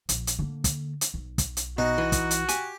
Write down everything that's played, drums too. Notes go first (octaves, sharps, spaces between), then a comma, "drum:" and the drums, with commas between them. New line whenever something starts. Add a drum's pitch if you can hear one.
A#1, drum: hi-hat
drum: hi-hat
D3 A#3
drum: kick, hi-hat
drum: hi-hat
B1
drum: kick, hi-hat
drum: hi-hat
B2 D#4 F#4
E3
drum: kick, hi-hat
drum: hi-hat
G4 G#5, drum: hi-hat